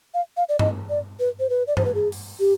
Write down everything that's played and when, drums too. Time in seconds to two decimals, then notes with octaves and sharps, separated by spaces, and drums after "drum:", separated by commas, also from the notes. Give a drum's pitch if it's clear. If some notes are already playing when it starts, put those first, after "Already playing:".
0.14 F5
0.37 F5
0.49 D5
0.59 D#5, drum: tom G2
0.89 D5
1.20 B4
1.40 C5
1.50 B4
1.67 D5
1.77 C5, drum: tom G2
1.85 B4
1.95 G#4
2.12 drum: open hi-hat
2.40 G4